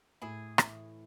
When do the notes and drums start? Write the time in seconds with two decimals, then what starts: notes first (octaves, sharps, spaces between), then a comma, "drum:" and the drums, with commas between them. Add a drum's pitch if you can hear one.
0.22 A2 E4 G#4
0.58 E3, drum: rim click